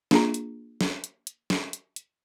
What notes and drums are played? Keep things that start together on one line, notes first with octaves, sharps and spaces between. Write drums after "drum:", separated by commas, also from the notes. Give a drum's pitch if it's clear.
A#3 D4 F4 G#4 A#5, drum: snare
drum: hi-hat
drum: snare
drum: hi-hat
drum: hi-hat
drum: snare
drum: hi-hat
drum: hi-hat